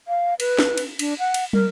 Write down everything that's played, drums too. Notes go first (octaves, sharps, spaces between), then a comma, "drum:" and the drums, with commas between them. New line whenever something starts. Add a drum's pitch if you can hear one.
F5
B4, drum: cymbal
drum: snare
drum: cymbal
D4, drum: cymbal
F#5
drum: cymbal
A#4, drum: tom